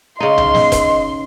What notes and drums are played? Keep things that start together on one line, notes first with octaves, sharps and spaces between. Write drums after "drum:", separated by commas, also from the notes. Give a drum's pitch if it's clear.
C#3 D#4 D#5 C6
drum: tom C2
drum: snare
drum: kick F1, hi-hat